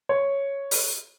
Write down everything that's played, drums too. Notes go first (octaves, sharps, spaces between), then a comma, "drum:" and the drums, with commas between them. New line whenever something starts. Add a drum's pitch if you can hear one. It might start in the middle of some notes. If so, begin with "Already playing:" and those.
C#5
drum: open hi-hat